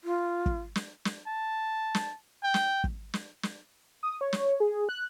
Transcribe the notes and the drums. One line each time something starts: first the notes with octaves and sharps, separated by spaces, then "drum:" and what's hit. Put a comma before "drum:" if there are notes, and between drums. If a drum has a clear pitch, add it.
F4
drum: kick
drum: snare
drum: snare
A5
drum: snare
G5
drum: snare
drum: kick
drum: snare
drum: snare
D#6
C#5
drum: snare
G#4
F#6